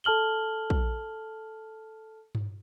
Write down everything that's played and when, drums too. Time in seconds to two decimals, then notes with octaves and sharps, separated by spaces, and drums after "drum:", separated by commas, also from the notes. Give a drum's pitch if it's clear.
0.04 A4 A5 F6 F#7 G7
0.70 drum: kick
2.35 drum: tom G2